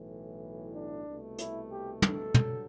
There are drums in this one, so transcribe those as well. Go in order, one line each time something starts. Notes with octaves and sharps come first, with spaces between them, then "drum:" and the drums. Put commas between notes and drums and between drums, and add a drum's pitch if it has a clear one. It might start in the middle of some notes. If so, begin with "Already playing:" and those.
Already playing: B1 A2 E3
D4
C2 B2 A3
E4, drum: hi-hat
G4
A4, drum: tom
G2 D3 F#3, drum: tom